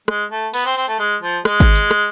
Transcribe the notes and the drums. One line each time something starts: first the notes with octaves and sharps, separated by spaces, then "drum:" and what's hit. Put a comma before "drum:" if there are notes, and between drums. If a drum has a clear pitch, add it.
G#3, drum: rim click
A3
B3, drum: open hi-hat
C4
C4
A3
G#3
F3
G#3, drum: rim click
drum: kick G#1, hi-hat
drum: hi-hat
drum: rim click